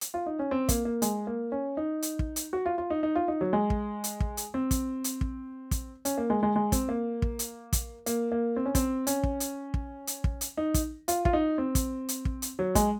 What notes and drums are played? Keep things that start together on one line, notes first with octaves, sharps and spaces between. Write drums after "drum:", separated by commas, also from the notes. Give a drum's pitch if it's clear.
drum: hi-hat
F4
D#4
C#4
C4
A#3, drum: kick, hi-hat
A#3
G#3, drum: hi-hat
A#3
C#4
D#4
drum: hi-hat
drum: kick
drum: hi-hat
F#4
F4
F4
D#4
D#4
F4
D#4
F#3
G#3
drum: kick
drum: hi-hat
drum: kick
drum: hi-hat
C4
drum: kick, hi-hat
drum: hi-hat
drum: kick
drum: kick, hi-hat
C#4, drum: hi-hat
A#3
G#3
G#3
G#3
C4, drum: kick, hi-hat
A#3
drum: kick
drum: hi-hat
drum: kick, hi-hat
A#3, drum: hi-hat
A#3
C4
C#4
C4, drum: kick, hi-hat
C#4, drum: hi-hat
drum: kick
drum: hi-hat
drum: kick
drum: hi-hat
drum: kick
drum: hi-hat
D#4
drum: kick, hi-hat
F4, drum: hi-hat
F4, drum: kick
D#4
C4
drum: kick, hi-hat
drum: hi-hat
drum: kick
drum: hi-hat
F#3
G#3, drum: kick, hi-hat